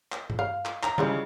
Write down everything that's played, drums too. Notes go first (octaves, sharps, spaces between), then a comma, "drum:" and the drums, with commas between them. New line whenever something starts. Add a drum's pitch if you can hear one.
drum: clap
drum: tom G2
F5
drum: clap
A#5, drum: clap
C#3 E3 F3 G3 G#3, drum: tom